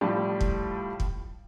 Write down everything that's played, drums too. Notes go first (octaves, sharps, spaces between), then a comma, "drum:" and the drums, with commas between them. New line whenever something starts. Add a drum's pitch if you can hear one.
A2 F3 G3
drum: kick
drum: kick